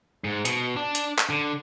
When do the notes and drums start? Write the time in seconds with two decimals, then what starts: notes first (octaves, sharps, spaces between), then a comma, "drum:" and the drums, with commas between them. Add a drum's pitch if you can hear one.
0.24 G#2
0.45 B2, drum: hi-hat
0.76 D4
0.95 drum: hi-hat
1.18 drum: clap
1.30 D3